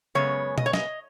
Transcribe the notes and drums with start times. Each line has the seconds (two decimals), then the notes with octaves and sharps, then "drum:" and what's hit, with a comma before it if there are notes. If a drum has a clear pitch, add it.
0.15 F#2 C#3 G#3 B3 C#5
0.58 D#5, drum: tom B2
0.66 C#5
0.73 D#5, drum: snare